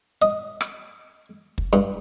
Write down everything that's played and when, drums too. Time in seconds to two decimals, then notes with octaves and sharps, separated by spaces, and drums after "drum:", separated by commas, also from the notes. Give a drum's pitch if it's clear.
0.22 D#5
0.61 drum: rim click
1.58 drum: kick
1.73 G2